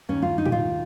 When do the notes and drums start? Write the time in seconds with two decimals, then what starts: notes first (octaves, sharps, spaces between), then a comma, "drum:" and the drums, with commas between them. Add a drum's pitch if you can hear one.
0.09 D#2 D#3 C#4
0.22 F4
0.38 D#4
0.46 G4, drum: tom
0.52 F4